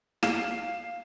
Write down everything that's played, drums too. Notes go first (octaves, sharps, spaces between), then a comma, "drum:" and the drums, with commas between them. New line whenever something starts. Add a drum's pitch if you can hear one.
F5 E7, drum: snare